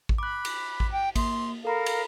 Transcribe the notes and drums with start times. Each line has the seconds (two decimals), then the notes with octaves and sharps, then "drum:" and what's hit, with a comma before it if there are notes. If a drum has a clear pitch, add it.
0.09 drum: kick A1
0.18 B5 D6 F#6
0.45 drum: cymbal
0.80 drum: kick A1
0.91 G5
1.16 A#3 C6, drum: kick A1, cymbal
1.65 A4 A#4 F5 A#5 B5
1.86 drum: cymbal